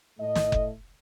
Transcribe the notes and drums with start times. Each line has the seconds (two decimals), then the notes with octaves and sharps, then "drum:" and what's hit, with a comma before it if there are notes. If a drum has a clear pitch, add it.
0.19 A2 A3 D#5
0.35 drum: snare
0.52 drum: kick F#1